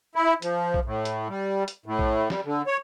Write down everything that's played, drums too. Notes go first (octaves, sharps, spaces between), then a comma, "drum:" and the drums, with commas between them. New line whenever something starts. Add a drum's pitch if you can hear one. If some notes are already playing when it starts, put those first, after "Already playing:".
E4
F3, drum: hi-hat
drum: kick A#1
A2
drum: hi-hat
G3
drum: hi-hat
A2
drum: kick A#1
G3, drum: snare
D3
C#5